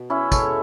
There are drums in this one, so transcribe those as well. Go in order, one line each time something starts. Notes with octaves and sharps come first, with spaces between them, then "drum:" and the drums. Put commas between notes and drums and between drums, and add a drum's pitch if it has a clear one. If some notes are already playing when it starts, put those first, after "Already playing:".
Already playing: B2
C#4 E4
G#3 A4 C#5, drum: kick, tambourine